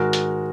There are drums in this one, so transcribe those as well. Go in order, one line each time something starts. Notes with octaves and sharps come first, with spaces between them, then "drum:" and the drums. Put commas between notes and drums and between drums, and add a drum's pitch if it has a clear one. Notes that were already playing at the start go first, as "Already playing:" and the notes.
Already playing: G#2 D#3 G#3 F#4 A#4
drum: hi-hat